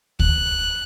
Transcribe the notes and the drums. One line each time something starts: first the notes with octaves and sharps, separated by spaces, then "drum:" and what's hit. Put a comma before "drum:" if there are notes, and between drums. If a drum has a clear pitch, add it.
F#6, drum: kick D2